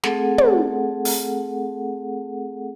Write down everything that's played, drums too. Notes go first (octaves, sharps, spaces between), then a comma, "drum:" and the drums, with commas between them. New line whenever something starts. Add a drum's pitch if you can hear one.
A3 C4 G#4 A4 F#5, drum: snare
drum: tom
drum: open hi-hat